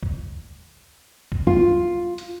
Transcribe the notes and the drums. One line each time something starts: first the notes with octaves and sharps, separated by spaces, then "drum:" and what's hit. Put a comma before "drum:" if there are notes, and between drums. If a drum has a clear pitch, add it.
drum: kick
drum: kick
F4, drum: kick
drum: hi-hat